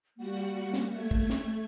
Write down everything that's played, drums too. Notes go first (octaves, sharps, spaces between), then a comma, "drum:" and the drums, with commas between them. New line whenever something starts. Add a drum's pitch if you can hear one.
G3 A#3 F#4 F#5
drum: snare
A3 G#6
drum: kick
drum: snare